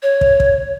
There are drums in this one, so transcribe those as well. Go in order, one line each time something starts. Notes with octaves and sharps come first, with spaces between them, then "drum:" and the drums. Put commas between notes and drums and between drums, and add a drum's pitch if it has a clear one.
C#5
drum: kick
drum: kick